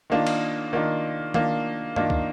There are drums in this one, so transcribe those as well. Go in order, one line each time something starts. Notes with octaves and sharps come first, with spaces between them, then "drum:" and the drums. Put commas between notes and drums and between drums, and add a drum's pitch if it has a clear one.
D#3 A#3 D4 F4
drum: cymbal
D#3 A#3 D4 F4
D#3 A#3 D4 F4, drum: tom D#3
D#3 A#3 D4 F4, drum: tom F#2
drum: kick